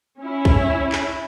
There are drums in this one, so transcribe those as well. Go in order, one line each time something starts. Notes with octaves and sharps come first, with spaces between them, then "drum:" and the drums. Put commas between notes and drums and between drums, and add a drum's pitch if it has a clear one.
C#4 E4
drum: kick B1
drum: clap